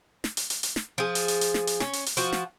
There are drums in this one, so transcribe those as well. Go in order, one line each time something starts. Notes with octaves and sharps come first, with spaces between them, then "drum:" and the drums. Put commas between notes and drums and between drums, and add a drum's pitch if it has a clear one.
drum: snare
drum: hi-hat
drum: hi-hat
drum: hi-hat
drum: snare
F3 G#4
drum: hi-hat
drum: hi-hat
drum: hi-hat
drum: snare
drum: hi-hat
C#4, drum: snare
drum: hi-hat
drum: hi-hat
F3 F#4, drum: hi-hat
drum: snare